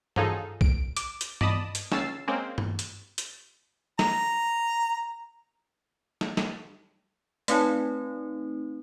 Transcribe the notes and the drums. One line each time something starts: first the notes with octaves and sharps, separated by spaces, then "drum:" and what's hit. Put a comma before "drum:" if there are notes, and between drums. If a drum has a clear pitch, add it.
F3 F#3 D#4 F4 G#4 A4, drum: tom G2
D7, drum: kick
D6, drum: hi-hat
drum: hi-hat
D5 D#5 A5 B5 D#6, drum: tom G2
drum: hi-hat
C#2 C#4 E6 A6 C7, drum: snare
G#3 A#3 C4 C#4
drum: tom G2
drum: hi-hat
drum: hi-hat
A#5, drum: snare
drum: snare
drum: snare
A3 C4 D#4 B4 C#5 A5, drum: hi-hat